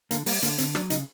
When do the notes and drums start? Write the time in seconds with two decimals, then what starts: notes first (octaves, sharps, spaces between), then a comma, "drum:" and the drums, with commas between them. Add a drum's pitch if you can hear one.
0.11 D3 A#3, drum: hi-hat
0.26 G3 A#3, drum: open hi-hat
0.43 D3 A#3, drum: hi-hat
0.58 D3 C4, drum: hi-hat
0.75 F#3 D4, drum: rim click
0.90 C#3 D#4, drum: hi-hat